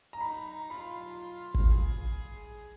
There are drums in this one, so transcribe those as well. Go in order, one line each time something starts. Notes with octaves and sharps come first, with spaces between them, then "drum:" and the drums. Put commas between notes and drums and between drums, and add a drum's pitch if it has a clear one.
A#5
D#4 B5
F4 B5
drum: kick
G#4